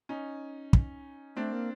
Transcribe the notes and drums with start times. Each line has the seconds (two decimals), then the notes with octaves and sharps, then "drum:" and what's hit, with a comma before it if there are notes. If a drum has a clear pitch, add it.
0.09 C#4 D#4
0.73 drum: kick
1.36 A3 C4 D4
1.52 A#3